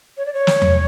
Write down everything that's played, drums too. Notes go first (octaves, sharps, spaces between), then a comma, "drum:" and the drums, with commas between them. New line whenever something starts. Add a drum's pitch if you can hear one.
C#5
D5
C#5
drum: snare
drum: tom E2